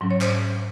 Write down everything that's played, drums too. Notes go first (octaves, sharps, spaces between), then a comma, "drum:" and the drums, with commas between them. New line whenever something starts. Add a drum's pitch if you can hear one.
G#2 F#3 C#4
C#5
C5, drum: clap